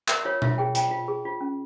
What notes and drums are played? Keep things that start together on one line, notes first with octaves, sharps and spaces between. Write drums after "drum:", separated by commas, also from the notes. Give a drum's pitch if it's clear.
A#4 E5, drum: clap
F4 C#5
F4 E5, drum: tom B2
G#4 G5
F4 G5, drum: hi-hat
F4
G#4
F4
C#4